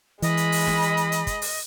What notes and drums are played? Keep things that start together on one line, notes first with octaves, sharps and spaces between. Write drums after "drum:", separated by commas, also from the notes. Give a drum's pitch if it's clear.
E3 G#3 D#5 B5, drum: hi-hat
drum: hi-hat
drum: open hi-hat
drum: snare
drum: hi-hat
drum: hi-hat
drum: hi-hat
drum: kick, hi-hat
drum: open hi-hat